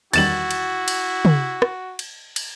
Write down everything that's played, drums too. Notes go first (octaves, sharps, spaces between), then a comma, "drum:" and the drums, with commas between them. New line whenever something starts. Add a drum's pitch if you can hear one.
E2 D#3 G3 E4 F#4 A6 E7 F#7, drum: cymbal
drum: cymbal
drum: cymbal
drum: tom
drum: rim click
drum: cymbal
drum: cymbal